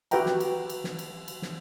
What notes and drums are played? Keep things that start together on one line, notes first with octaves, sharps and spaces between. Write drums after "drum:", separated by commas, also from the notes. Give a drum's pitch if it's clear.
F#4 G4 B4 E5 G5 A#5, drum: cymbal
drum: snare
drum: cymbal
drum: cymbal
drum: snare
drum: cymbal
drum: cymbal
drum: snare